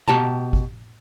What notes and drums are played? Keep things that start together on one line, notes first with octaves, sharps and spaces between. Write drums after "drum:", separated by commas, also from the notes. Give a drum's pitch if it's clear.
B2 G4 A5 A#5, drum: tom B2
drum: kick